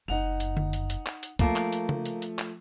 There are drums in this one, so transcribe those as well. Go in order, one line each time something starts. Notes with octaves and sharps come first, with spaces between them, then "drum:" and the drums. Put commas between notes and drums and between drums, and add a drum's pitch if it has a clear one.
F#1 F#2 D#4 F#5 F7
drum: hi-hat
drum: tom D3
drum: hi-hat
drum: hi-hat
drum: clap
drum: hi-hat
F3 A3 A#3 F4 A5, drum: kick, hi-hat
drum: clap
drum: hi-hat
drum: tom C#3
drum: hi-hat
drum: hi-hat
drum: clap